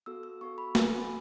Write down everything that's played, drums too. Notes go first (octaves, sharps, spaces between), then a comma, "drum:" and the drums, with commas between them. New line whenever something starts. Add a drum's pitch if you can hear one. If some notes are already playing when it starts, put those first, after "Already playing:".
B3 F#4 A4 E6
E6
B3 F#4 A4 C#6
B5
B3 F#4 A4 G#5, drum: snare